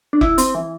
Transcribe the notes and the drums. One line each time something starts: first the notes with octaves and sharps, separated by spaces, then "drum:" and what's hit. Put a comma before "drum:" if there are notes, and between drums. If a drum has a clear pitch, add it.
D4
E4, drum: kick F1
C4, drum: hi-hat
E3